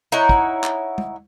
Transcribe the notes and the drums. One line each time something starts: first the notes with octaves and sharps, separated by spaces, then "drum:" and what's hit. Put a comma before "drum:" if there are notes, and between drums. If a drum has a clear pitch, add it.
D#4 E4 C#5 F#5
drum: kick
drum: clap
drum: tom G#3